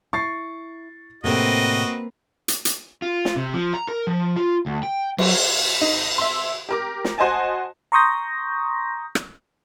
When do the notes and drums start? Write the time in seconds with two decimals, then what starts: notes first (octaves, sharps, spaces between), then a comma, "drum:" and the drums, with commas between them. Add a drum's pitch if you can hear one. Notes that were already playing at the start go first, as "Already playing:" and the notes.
0.13 E4 C#6 A6 C7
1.24 A2 C3 A#3 C4 F#4 B4 D#5
2.48 drum: hi-hat
2.65 drum: hi-hat
3.02 F4
3.25 drum: snare
3.36 C3
3.54 F3
3.74 A#5
3.88 A#4
4.07 F3
4.36 F4
4.66 D2
4.83 G5
5.18 F#3, drum: cymbal
5.81 D#4
6.18 E5 C6
6.69 G4 A#4 D6
7.04 drum: snare
7.18 F#4 C5 D#5 G#5 A5
7.92 A#5 C6 C#6 D#6 G6 A#6
9.15 drum: rim click